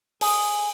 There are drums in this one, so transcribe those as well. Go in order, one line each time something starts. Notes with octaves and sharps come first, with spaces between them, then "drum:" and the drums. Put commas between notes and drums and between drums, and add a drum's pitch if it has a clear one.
G#4, drum: open hi-hat